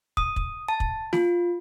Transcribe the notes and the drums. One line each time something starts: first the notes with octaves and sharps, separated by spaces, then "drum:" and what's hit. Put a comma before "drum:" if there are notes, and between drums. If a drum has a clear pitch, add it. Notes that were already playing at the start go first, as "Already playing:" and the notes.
D#6, drum: kick
drum: kick
A5
drum: kick
F4, drum: snare